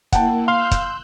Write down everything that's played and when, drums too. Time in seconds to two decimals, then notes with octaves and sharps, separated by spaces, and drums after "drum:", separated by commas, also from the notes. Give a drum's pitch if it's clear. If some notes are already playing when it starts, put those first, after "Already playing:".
0.12 A#3 E4 F#5 G5 A5, drum: kick, hi-hat
0.48 F5 C6 E6 F#6 G6 G7
0.71 drum: kick, hi-hat